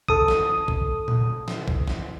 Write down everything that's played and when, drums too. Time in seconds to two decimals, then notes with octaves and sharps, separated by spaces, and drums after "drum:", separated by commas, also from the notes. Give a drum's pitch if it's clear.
0.08 A4 D#6, drum: kick A#1
0.28 drum: snare
0.68 drum: kick A#1
1.08 drum: tom A#2
1.48 drum: snare
1.68 drum: kick A#1
1.88 drum: snare